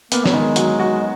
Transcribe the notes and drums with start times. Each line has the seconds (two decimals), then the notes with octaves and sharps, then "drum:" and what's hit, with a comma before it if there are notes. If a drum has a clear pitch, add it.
0.12 A#3 B3, drum: hi-hat
0.25 F#3, drum: snare
0.33 D#3 G#3
0.56 F#3, drum: hi-hat
0.79 F#4